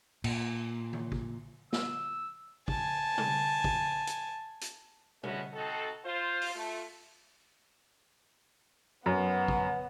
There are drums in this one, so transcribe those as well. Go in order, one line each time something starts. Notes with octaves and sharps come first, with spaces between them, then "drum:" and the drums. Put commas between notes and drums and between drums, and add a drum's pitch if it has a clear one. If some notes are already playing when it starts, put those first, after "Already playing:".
A#2, drum: cymbal
drum: tom D#3
drum: kick
E6, drum: snare
G#5 A5, drum: kick
drum: tom
drum: kick
drum: hi-hat
drum: hi-hat
G#3 A3 B3 C#4 E4 F#4, drum: tom
C4 D#4 F#4 A4
F4 C5
drum: open hi-hat
A3 F4
F#2 B3 F#5
drum: kick